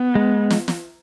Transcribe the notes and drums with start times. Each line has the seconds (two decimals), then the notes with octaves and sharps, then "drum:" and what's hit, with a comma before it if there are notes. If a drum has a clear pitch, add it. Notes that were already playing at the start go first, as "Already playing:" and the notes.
Already playing: B3
0.15 G#3
0.50 drum: snare
0.68 drum: snare